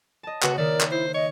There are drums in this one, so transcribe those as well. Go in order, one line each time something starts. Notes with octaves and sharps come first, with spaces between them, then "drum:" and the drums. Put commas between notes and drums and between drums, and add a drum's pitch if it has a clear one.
D#5 A5
C#3 A#3 F#4 B4 C#7, drum: clap
D#3 A#4 D5 E5
drum: clap
E4 C5
C#5 D#5